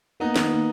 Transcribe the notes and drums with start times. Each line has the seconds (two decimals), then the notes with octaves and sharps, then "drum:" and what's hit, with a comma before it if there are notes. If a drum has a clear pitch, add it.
0.20 A#3 B3 D#4
0.36 D#3, drum: snare
0.50 A#3